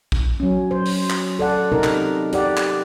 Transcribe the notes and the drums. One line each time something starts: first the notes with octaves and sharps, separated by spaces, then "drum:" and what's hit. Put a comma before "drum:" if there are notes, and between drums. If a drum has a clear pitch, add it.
drum: kick A#1
F#3 C#4
C5
drum: open hi-hat
drum: clap
A4 D5 F#5
C3 D#4 A#4
drum: clap
G4 D5 F#5, drum: hi-hat
drum: clap